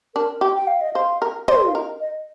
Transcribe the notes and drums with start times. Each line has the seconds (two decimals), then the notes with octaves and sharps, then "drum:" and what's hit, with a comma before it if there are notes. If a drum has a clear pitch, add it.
0.15 D4 A#4
0.41 G4
0.55 G5
0.67 F5
0.81 D#5
0.93 C5 F5
1.22 A#4
1.48 C5, drum: tom
1.67 F5
1.74 A#4 D#5
2.00 D#5